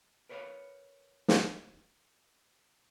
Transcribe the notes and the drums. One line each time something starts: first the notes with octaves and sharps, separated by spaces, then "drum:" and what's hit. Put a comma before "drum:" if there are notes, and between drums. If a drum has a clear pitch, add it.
A#4 B4 C#5 E5 F5 B5
drum: snare